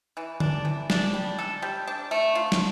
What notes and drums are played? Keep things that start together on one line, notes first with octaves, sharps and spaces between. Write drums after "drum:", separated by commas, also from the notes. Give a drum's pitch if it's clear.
E3
D4, drum: tom D3
E3
D4, drum: snare
G3
A4
G3
D4
A3
F4
drum: snare